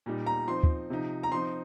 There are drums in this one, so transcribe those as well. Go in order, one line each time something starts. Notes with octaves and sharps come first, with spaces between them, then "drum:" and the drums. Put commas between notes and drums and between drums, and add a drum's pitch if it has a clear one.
A#2 G3 D#4
A#5
F3 C4 D#4 C6
drum: kick
C3 F3 D#4
A#5
F3 C4 D#4 C6